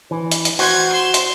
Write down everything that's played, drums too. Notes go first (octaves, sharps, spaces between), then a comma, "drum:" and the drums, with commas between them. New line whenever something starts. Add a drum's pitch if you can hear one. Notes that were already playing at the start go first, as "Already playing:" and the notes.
E3
drum: hi-hat
drum: hi-hat
F#4 C5 G#6, drum: open hi-hat
C6 E7
drum: hi-hat